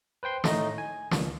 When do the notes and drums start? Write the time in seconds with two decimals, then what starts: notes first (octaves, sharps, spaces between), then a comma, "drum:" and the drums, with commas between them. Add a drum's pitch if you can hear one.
0.23 B4 C5 G5 C6
0.44 A2 A3 D#4 D#5, drum: snare
0.78 G#5
1.11 C#2, drum: snare